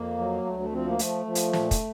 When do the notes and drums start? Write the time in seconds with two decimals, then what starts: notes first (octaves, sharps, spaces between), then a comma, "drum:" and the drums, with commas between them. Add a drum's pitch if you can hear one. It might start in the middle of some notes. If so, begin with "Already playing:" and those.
Already playing: F2 A#3
0.18 F#3
0.46 D2 A3
0.60 A3
0.72 F3 C4
0.86 A#3
0.99 F3 A3, drum: hi-hat
1.26 F3
1.35 drum: hi-hat
1.53 A#2, drum: snare
1.71 drum: kick, hi-hat